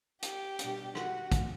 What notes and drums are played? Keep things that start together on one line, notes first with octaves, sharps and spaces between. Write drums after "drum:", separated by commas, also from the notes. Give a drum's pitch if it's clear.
G4, drum: hi-hat
B2 G3 D4, drum: hi-hat
F#4, drum: rim click
drum: kick, hi-hat